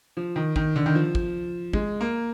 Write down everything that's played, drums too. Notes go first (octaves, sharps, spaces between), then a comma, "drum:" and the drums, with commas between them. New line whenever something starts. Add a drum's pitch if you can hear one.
F3
D#3
D#3, drum: kick
D3
D#3
F3
drum: kick
G#3, drum: kick
A#3